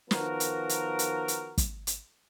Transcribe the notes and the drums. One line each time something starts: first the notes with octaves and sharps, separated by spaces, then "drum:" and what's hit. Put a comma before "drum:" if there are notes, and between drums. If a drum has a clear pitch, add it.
D#3 F3 B3 F#4 A#4, drum: snare
drum: hi-hat
drum: hi-hat
drum: hi-hat
drum: hi-hat
drum: kick, hi-hat
drum: hi-hat